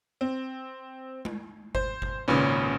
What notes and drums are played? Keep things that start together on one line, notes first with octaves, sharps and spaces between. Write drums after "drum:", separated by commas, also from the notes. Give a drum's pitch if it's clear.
C4
drum: tom G#3
C5, drum: kick G1
drum: kick G1
G#1 A#2 C#3 C#4 B4